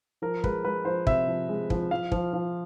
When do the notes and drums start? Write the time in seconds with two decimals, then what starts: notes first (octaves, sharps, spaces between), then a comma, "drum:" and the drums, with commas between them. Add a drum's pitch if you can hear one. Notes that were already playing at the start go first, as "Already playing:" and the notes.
0.22 F3 A#4
0.44 G#3 B4, drum: kick
0.65 G#3 B4
0.85 F3 C5
1.07 C3 E5, drum: kick
1.28 F3
1.49 G#3
1.70 F3, drum: kick
1.91 F3 F5
2.12 F3, drum: kick
2.33 F3